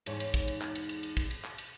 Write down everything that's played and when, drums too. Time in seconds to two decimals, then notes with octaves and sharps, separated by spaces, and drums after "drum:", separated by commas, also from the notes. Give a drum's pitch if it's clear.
0.06 E2 G#2 C#4, drum: cymbal
0.20 drum: cymbal
0.34 drum: kick, cymbal
0.48 drum: cymbal
0.62 drum: clap
0.75 drum: cymbal
0.89 drum: cymbal
1.03 drum: cymbal
1.17 drum: kick, cymbal
1.31 drum: cymbal
1.44 drum: clap
1.58 drum: cymbal